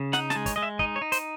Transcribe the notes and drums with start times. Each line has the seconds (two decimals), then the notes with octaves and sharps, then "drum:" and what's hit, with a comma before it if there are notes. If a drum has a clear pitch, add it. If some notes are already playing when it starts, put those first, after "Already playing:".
Already playing: C#3
0.13 D#4 F#5, drum: snare
0.30 A5, drum: snare
0.36 G#3
0.46 C#5, drum: kick, hi-hat
0.56 G#3 D#5
0.63 E5
0.79 D#4 D#5, drum: kick
0.96 C#5
1.02 D#4
1.12 C5, drum: hi-hat